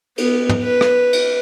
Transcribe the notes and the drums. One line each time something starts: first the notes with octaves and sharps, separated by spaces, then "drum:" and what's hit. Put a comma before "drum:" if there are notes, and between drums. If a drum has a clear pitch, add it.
B3, drum: cymbal
drum: tom
B4
drum: rim click
drum: cymbal